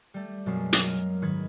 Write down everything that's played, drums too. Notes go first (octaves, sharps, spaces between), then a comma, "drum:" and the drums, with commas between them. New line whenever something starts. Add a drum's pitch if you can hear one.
G3 A3
F#2 B2 F#3 G#3 A#3
drum: hi-hat
A#4
G#2 D#3 B4 G#6